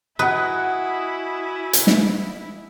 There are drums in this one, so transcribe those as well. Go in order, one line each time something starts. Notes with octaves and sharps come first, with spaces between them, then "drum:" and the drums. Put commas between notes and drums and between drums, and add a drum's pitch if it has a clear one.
E4 F#4 B4 D#5 F#5 G#5
drum: hi-hat
drum: snare